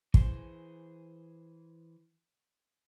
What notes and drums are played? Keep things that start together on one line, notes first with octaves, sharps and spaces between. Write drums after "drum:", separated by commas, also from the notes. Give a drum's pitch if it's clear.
E3 G#4 C5, drum: kick